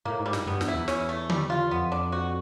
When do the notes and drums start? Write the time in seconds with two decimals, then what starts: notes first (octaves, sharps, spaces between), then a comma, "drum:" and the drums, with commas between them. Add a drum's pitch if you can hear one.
0.05 A2 A#3
0.20 G#2
0.26 G3
0.33 G2, drum: snare
0.46 G2 B3
0.61 E2, drum: snare
0.68 E4
0.75 E2
0.88 C#4, drum: snare
1.09 A3
1.30 G3, drum: tom D3
1.50 F4
1.71 F2 B3
1.92 D4
2.12 F#4